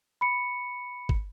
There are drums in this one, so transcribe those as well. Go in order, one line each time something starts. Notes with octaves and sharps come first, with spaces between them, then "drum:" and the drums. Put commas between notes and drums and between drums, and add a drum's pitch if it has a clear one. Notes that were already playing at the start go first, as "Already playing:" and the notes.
B5 C#7
drum: kick